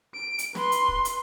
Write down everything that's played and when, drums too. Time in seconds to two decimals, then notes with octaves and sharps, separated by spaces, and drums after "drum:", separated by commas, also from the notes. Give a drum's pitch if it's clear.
0.14 D7
0.39 drum: hi-hat
0.55 B4 C6, drum: snare
0.72 drum: hi-hat
0.88 drum: kick
1.05 drum: hi-hat